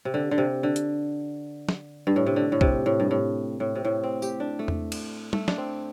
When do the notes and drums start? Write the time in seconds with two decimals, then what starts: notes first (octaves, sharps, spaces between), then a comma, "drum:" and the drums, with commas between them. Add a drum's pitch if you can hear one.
0.05 C3
0.14 D3
0.31 D3
0.38 C3
0.63 D3
0.76 drum: hi-hat
1.69 drum: snare
2.07 G2
2.16 A2
2.26 C3
2.36 D3
2.52 A2
2.61 C3, drum: kick
2.86 A2
3.00 G2
3.11 A2
3.60 A2
3.76 C3
3.85 A2
4.03 C4
4.22 G4, drum: tambourine
4.40 D4
4.59 A3
4.68 drum: tom E2
4.92 drum: cymbal
5.33 A3, drum: tom G3
5.48 D4, drum: snare
5.58 C4